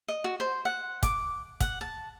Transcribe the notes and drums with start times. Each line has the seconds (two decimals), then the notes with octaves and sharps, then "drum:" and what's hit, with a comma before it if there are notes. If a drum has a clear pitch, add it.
0.08 D#5
0.24 F#4
0.40 C5
0.65 F#5
1.03 D6, drum: kick, hi-hat
1.60 F#5, drum: kick, hi-hat
1.81 A5